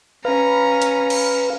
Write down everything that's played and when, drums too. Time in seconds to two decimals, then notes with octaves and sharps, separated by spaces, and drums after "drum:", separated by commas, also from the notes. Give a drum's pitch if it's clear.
0.25 C#4 B4 F5 A#5
0.82 drum: hi-hat
1.10 drum: cymbal